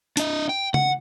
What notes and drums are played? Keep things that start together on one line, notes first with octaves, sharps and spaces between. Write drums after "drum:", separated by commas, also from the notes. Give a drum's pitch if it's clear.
D4 D#5, drum: hi-hat
G5
F#5, drum: tom C#3